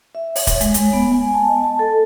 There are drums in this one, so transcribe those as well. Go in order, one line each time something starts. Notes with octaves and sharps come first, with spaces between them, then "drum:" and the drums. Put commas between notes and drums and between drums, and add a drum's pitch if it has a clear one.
E5
C#5, drum: open hi-hat
drum: kick, hi-hat
G#3, drum: hi-hat
drum: hi-hat
B3
G#5
A5
D#5
A5
A4